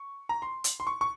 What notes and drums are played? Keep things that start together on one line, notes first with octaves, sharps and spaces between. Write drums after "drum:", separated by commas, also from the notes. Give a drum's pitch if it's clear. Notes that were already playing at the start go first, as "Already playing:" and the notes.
Already playing: C#6
A#5
C6
drum: hi-hat
C6
C#6
C#6